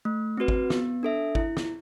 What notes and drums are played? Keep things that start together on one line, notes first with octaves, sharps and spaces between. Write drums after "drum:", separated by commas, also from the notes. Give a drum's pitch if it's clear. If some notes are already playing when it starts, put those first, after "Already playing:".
A3
C4 F#4 B4
drum: kick G#1
B3, drum: snare
D4 A4 E5
E4, drum: kick G#1
drum: snare